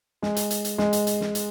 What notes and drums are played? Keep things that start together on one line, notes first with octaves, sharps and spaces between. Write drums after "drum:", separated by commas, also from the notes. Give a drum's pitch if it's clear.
G#3, drum: snare
drum: hi-hat
drum: hi-hat
drum: hi-hat
G#3, drum: snare
drum: hi-hat
drum: hi-hat
drum: snare
drum: hi-hat